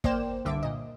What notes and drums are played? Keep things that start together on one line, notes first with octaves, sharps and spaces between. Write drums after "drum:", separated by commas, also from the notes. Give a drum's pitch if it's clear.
A#3 C5 D5 G5 E7, drum: kick
C2 G2 D3 E5 D6
A#2 D#5